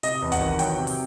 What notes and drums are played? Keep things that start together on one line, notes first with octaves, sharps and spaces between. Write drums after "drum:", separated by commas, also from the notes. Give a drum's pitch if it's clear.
C3 D#5, drum: hi-hat
E2
F#5, drum: kick, hi-hat
D#3
F#3 G5, drum: hi-hat
C3
drum: open hi-hat